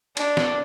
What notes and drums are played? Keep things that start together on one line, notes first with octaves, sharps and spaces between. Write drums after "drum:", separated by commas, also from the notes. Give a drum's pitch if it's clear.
D4, drum: cymbal
drum: snare